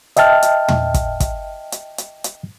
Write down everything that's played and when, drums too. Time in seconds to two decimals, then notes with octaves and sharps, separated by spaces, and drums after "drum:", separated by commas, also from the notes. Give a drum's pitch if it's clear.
0.17 D#5 E5 G5 A5 F6, drum: hi-hat
0.42 drum: hi-hat
0.68 drum: tom
0.94 drum: kick, hi-hat
1.20 drum: kick, hi-hat
1.72 drum: hi-hat
1.98 drum: hi-hat
2.24 drum: hi-hat